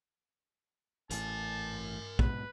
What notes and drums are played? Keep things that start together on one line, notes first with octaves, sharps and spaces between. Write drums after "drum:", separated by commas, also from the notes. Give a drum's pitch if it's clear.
A1 A2 A#4 G#5 A5, drum: hi-hat
G#2 B2 B4, drum: kick